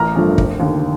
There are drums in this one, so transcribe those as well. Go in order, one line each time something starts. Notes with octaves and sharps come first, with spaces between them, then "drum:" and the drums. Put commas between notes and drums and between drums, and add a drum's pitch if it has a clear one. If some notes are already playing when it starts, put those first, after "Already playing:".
Already playing: A1 A#4 A#5
G2 F3 A3
F1, drum: kick
D#2 D3